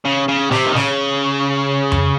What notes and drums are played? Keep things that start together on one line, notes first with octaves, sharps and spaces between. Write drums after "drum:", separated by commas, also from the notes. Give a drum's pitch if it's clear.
C#3
C#3
C3, drum: snare
D#3
C#3, drum: snare
drum: tom F2